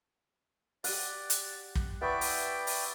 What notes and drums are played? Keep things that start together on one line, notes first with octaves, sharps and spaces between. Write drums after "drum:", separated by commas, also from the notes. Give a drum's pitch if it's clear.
G4 D5 F#5, drum: open hi-hat
drum: hi-hat
drum: kick
B3 E4 D5 E5 G5 C#6
drum: open hi-hat
drum: open hi-hat